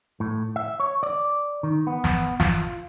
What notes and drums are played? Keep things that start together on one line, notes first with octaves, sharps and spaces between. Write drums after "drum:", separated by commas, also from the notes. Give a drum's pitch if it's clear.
A2
E5
C#5
D5
D#3
B3
drum: snare
F4, drum: snare